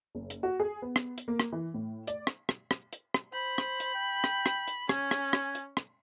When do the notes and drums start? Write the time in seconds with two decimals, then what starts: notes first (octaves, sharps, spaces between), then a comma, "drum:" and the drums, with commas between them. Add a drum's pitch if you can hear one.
0.15 F#1
0.30 drum: hi-hat
0.43 F#4
0.60 G#4
0.82 B3
0.96 drum: rim click
1.18 drum: hi-hat
1.28 A#3
1.40 drum: rim click
1.52 E3
1.74 A2
2.07 D5, drum: hi-hat
2.27 drum: rim click
2.49 drum: rim click
2.71 drum: rim click
2.93 drum: hi-hat
3.14 drum: rim click
3.33 C5 B5
3.58 drum: rim click
3.80 drum: hi-hat
3.94 G5
4.24 drum: rim click
4.46 drum: rim click
4.68 drum: hi-hat
4.89 C#4 G#5, drum: rim click
5.11 drum: rim click
5.33 drum: rim click
5.55 drum: hi-hat
5.77 drum: rim click